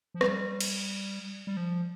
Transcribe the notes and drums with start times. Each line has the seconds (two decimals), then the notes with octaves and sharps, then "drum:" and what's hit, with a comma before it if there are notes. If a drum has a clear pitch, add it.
0.14 F3
0.21 G3, drum: rim click
0.61 drum: cymbal
1.47 G3
1.57 F3